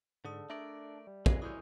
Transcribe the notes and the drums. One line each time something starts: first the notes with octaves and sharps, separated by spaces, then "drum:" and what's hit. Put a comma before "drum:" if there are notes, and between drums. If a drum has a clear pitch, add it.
G#2 D3 G#4 A4 D5 D#6
A3 D4 A#4 D5 E5
G3
G2 E3 G#3 F#4 A4, drum: kick
E3 G#3 C#4 E4 D#6 G6